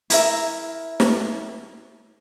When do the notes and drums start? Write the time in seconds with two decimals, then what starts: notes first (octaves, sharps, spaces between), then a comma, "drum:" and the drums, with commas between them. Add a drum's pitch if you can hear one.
0.10 E4 A#4 E5, drum: hi-hat
1.00 drum: snare